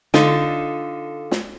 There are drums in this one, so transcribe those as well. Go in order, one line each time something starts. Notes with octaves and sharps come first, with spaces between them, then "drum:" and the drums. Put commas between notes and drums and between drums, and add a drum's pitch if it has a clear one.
D3 D#4 F4 A4, drum: snare
drum: snare